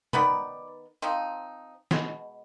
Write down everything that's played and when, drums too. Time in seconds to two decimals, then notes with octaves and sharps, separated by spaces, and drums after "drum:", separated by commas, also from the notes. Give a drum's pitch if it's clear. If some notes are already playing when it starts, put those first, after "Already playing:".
0.13 D#3 B3 D#4 B4 D5, drum: tom C3
1.02 F3 C4 D#4
1.91 B2 G#3, drum: snare